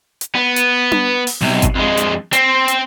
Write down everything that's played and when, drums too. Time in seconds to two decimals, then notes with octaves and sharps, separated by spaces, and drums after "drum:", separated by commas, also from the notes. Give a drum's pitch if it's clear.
0.21 drum: hi-hat
0.35 B3
0.56 drum: hi-hat
0.92 drum: tom D4
1.27 drum: open hi-hat
1.42 B1 C3
1.62 drum: kick G#1, hi-hat
1.75 F2 G#3
1.97 drum: hi-hat
2.33 C4, drum: hi-hat
2.68 drum: hi-hat